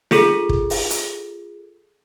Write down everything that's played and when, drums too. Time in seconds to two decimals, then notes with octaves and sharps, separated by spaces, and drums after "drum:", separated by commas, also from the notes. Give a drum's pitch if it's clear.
0.11 F4 G#4 A4, drum: snare
0.49 drum: kick
0.70 drum: open hi-hat
0.90 drum: hi-hat